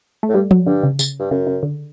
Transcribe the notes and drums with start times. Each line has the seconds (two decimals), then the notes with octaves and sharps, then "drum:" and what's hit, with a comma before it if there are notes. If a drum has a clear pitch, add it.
0.23 A3
0.29 A2
0.34 G2 G3
0.51 F#3, drum: tom F3
0.66 G2 D3
0.83 C#3
0.99 C#3, drum: tambourine
1.20 G2
1.31 F#2 C#3
1.47 C#3
1.63 D3